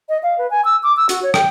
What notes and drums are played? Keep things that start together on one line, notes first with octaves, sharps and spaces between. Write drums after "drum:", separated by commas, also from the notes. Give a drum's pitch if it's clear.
D#5
F5
B4
G#5
E6
D6
E6
F#4, drum: hi-hat
C#5
G5, drum: rim click